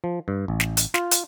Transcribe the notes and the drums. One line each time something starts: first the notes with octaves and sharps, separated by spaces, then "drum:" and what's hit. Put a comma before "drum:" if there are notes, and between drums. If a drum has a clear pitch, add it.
F3
G2
A1
drum: snare
drum: hi-hat
F4, drum: snare
drum: hi-hat